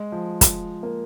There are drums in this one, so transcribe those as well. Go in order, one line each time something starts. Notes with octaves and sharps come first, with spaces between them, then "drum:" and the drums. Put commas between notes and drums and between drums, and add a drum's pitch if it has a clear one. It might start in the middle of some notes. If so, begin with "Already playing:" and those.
Already playing: G#3
F3
drum: kick, hi-hat
A#3